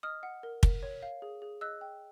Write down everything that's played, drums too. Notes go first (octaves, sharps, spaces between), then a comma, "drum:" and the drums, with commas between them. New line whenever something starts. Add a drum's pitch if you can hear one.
D#5 D#6 F6
F#5
A#4
A#4, drum: kick
C#5
F5
G#4
G#4
D#5 E6 F#6
G5